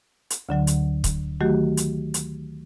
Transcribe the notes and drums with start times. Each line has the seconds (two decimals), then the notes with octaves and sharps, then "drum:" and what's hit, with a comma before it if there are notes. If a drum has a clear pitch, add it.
0.30 drum: hi-hat
0.49 D2 D3 F#3 F#5
0.67 drum: hi-hat
1.04 drum: kick, hi-hat
1.41 D#3 F#3 A3 F#4 G4
1.77 drum: hi-hat
2.14 drum: hi-hat